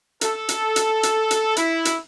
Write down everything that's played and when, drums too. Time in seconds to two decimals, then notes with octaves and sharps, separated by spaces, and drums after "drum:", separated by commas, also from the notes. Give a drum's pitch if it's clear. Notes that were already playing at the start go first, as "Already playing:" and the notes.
0.21 A4, drum: hi-hat
0.49 drum: hi-hat
0.76 drum: hi-hat
1.03 drum: hi-hat
1.31 drum: hi-hat
1.56 E4, drum: hi-hat
1.85 drum: hi-hat